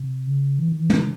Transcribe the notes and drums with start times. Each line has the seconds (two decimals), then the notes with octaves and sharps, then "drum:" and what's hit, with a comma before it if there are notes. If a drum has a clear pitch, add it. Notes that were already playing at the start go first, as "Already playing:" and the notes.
Already playing: C3
0.27 C#3
0.59 E3
0.68 D#3
0.79 E3
0.90 D#3, drum: tom